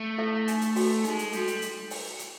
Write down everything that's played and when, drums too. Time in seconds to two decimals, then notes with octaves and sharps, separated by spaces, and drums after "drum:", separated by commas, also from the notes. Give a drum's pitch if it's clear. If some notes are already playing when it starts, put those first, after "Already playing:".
Already playing: A3
0.18 E4 A4 C5 E5
0.48 D#4, drum: hi-hat
0.61 drum: hi-hat
0.76 F#4 A4, drum: open hi-hat
1.04 G#3 D#4, drum: hi-hat
1.19 drum: hi-hat
1.32 G3 F#4 A4, drum: hi-hat
1.47 drum: hi-hat
1.62 drum: hi-hat
1.90 drum: open hi-hat
2.19 drum: hi-hat